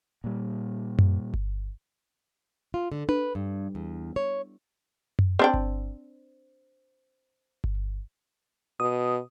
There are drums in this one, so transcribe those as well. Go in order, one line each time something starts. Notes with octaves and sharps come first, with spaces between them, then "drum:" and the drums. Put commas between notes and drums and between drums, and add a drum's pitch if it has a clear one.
A#2 G3
drum: tom F#2
drum: kick G1
F4
D3
B4, drum: tom D4
G2
E2
C#5
drum: tom F#2
C4 D4 G5
drum: kick G1
drum: kick G1
B2 D#6